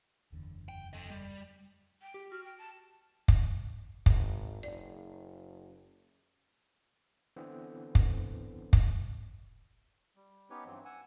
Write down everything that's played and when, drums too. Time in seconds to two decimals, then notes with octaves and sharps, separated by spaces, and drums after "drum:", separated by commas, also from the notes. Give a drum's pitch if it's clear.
0.32 F#1 E2 D3
0.69 G5
0.93 A4 D#5
1.10 G3
2.02 G5
2.14 G4
2.32 F#4 F6
2.45 G5
2.58 A5
3.28 drum: kick
4.06 G#1, drum: kick
4.63 F#1 D5
7.36 D3 E3 B3 C4
7.95 drum: kick
8.73 drum: kick
10.16 G3
10.50 B3 C#4 D#4 G4 B4 C#5
10.66 G2 E3 F#3 C4
10.85 F#5 G#5 E6